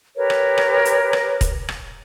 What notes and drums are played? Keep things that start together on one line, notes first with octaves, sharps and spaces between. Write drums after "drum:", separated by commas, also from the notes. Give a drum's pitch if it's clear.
G4 A#4 B4 C#5
drum: rim click
drum: rim click
drum: hi-hat
drum: rim click
drum: kick E1, hi-hat
drum: rim click